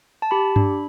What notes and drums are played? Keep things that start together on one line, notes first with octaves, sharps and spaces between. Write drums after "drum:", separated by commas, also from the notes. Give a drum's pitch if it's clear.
A5
G4 B5
D4, drum: tom G2